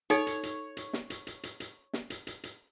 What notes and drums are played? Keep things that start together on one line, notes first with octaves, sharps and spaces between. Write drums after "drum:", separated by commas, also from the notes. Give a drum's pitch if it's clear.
D#4 A4 C#5, drum: hi-hat
drum: hi-hat
drum: hi-hat
drum: hi-hat
drum: snare
drum: hi-hat
drum: hi-hat
drum: hi-hat
drum: hi-hat
drum: snare
drum: hi-hat
drum: hi-hat
drum: hi-hat